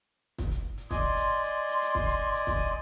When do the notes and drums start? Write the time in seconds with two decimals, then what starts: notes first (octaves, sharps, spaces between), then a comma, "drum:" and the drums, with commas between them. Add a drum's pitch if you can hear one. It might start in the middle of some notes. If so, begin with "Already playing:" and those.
0.38 drum: kick, hi-hat
0.51 drum: hi-hat
0.78 drum: hi-hat
0.91 D5 D#5 G#5 C6, drum: kick, hi-hat
1.17 drum: hi-hat
1.43 drum: hi-hat
1.69 drum: hi-hat
1.82 drum: hi-hat
1.95 drum: kick
2.08 drum: hi-hat
2.34 drum: hi-hat
2.47 drum: kick, hi-hat